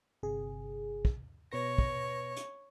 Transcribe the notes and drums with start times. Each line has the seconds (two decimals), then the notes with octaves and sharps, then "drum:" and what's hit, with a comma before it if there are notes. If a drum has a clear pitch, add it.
0.23 G1 C3 G#4
1.05 drum: kick
1.52 B2 B4 C#5 A#6
1.78 drum: kick
2.36 drum: hi-hat